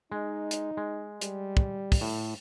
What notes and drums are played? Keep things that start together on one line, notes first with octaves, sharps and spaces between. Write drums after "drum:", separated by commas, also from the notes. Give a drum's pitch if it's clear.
G#3 D#4
drum: hi-hat
G#3
G3, drum: hi-hat
drum: kick
drum: kick, open hi-hat
A2